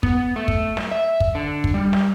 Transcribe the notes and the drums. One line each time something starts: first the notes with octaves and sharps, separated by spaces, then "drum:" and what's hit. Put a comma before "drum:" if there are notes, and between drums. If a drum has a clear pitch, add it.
B3, drum: kick
A3
drum: kick
drum: snare
E5
drum: kick
D3
drum: kick
G3
drum: snare